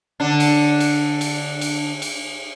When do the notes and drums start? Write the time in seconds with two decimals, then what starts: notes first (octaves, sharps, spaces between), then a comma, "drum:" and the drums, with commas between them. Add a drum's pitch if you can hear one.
0.20 D3 D4
0.40 drum: cymbal
0.80 drum: cymbal
1.21 drum: cymbal
1.61 drum: cymbal
2.02 drum: cymbal